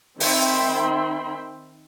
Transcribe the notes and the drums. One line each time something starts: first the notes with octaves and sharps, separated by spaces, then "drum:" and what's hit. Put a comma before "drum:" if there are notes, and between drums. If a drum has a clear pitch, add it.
D#3 C4 E5 G5 B5 C6, drum: open hi-hat